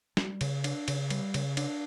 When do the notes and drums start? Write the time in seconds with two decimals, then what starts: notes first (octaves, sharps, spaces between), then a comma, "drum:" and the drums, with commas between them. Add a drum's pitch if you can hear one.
0.17 G3, drum: snare
0.41 C#3, drum: cymbal
0.64 D4, drum: cymbal
0.88 C#3, drum: cymbal
1.10 G3, drum: cymbal
1.34 C#3, drum: cymbal
1.57 D4, drum: cymbal